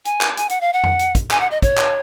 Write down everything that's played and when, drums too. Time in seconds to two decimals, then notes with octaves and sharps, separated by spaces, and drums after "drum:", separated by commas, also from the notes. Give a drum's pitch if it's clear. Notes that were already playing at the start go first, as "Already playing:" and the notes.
0.05 G#5, drum: hi-hat
0.21 drum: clap
0.37 G#5, drum: hi-hat
0.49 F#5, drum: hi-hat
0.61 F5
0.73 F#5
0.84 drum: tom F2
0.99 drum: hi-hat
1.15 drum: kick, hi-hat
1.31 G#5, drum: clap
1.40 F#5
1.51 D#5
1.62 C#5, drum: kick, hi-hat
1.77 drum: clap